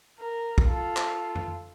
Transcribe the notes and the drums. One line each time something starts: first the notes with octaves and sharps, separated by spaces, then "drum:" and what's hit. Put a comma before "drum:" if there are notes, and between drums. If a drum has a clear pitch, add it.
A#4
drum: kick
F4 A4
drum: clap
drum: tom F2